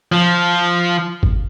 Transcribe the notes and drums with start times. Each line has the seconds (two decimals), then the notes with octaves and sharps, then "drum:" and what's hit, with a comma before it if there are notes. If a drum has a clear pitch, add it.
0.12 F3
1.23 drum: kick